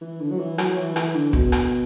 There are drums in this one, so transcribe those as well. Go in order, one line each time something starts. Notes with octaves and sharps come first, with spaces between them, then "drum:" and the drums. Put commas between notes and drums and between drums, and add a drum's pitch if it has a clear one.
E3
D3
F#3
E3
F#3, drum: rim click
E3
E3, drum: rim click
D3
B2, drum: kick
drum: rim click